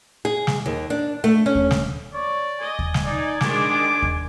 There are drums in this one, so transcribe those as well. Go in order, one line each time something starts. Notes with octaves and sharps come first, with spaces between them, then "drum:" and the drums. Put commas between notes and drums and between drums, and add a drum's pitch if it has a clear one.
G#4
drum: snare
D#2
D4
A3
C#4
drum: kick D#2
drum: snare
C#5 D5
D#5 G#5
drum: kick D#2
drum: snare
D#4 D5
D#3 G#3 D4 D6, drum: snare
drum: kick D#2